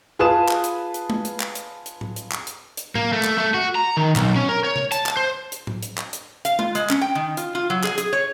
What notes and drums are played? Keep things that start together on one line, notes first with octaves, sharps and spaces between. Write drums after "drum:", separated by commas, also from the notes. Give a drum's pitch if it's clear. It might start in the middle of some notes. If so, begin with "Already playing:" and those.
F4 G#4 B4 A5 D#6 E7
drum: clap
drum: hi-hat
drum: hi-hat
drum: tom G#3
drum: hi-hat
drum: clap
drum: hi-hat
drum: hi-hat
drum: tom A2
drum: hi-hat
drum: clap
drum: hi-hat
drum: hi-hat
A#3, drum: tom A2
A3
drum: clap
A3
F#4
A#5
D#3
B1, drum: clap
C#4
A#4
C#5
drum: tom C3
A5, drum: hi-hat
drum: clap
C5
drum: hi-hat
drum: tom A2
drum: hi-hat
drum: clap
drum: hi-hat
F5, drum: hi-hat
F4, drum: tom G#3
G#3, drum: hi-hat
C#4, drum: clap
G5
D#3
F4, drum: hi-hat
F4
F#3
G#4, drum: clap
G#4, drum: hi-hat
C#5